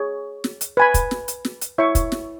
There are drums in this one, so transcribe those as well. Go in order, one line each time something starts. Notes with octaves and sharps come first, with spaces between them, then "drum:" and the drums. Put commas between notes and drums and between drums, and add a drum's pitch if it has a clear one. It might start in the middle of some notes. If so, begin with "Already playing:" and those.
Already playing: G#4 C#5
drum: snare
drum: hi-hat
B4 G#5 B5
drum: kick, hi-hat
drum: snare
drum: hi-hat
drum: snare
drum: hi-hat
E4 C#5 E5 C#6
drum: kick, hi-hat
drum: snare